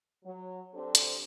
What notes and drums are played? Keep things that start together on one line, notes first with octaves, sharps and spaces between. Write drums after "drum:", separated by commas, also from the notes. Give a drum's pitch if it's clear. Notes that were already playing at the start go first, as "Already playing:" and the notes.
F#3
C4 D4 G4 A4 C5
drum: hi-hat